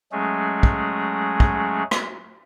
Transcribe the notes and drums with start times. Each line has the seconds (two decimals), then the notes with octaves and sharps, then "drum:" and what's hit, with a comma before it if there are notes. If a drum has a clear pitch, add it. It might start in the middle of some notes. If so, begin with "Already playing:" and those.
0.12 F#3 G#3 A3 C#4 G#4
0.63 drum: kick
1.40 drum: kick
1.91 drum: rim click